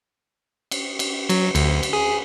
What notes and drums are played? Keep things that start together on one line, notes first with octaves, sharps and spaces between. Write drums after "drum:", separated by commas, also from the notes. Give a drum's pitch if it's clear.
drum: cymbal
drum: cymbal
F#3, drum: cymbal
D2, drum: cymbal
drum: cymbal
G#4